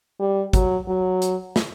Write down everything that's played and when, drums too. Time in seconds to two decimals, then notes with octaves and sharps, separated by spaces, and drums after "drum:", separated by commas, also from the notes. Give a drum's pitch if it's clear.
0.20 G3
0.53 F#3, drum: kick, hi-hat
0.88 F#3
1.22 drum: hi-hat
1.56 drum: snare